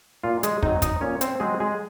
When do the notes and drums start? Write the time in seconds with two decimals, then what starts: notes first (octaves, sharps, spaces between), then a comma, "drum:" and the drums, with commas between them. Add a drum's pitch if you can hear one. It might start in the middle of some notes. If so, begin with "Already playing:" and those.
0.24 A#2 F4
0.43 G#3 G#4, drum: hi-hat
0.63 F#3 C4 D#4 D#5, drum: kick
0.82 D#4 D#5, drum: kick, hi-hat
1.01 A#2 C#4 C#5
1.21 C4 C5, drum: hi-hat
1.40 F#3 G#3 C4 G#4
1.60 G#3 G#4